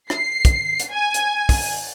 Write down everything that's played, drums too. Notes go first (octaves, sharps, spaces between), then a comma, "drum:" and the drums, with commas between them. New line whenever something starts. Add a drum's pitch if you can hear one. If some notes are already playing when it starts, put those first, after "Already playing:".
C7, drum: rim click
drum: kick, hi-hat
drum: hi-hat
G#5
drum: hi-hat
drum: kick, open hi-hat